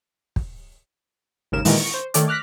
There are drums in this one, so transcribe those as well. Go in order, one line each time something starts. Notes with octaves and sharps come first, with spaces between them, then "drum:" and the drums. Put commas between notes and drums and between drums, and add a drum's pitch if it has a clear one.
drum: kick
G#1 D#2 C#3 A#4 E7
A#2 D#3 E3 G#3, drum: open hi-hat
C#6
C5
D#3 A3 C#5 D5, drum: hi-hat
D6 F6 F#6 A#6 B6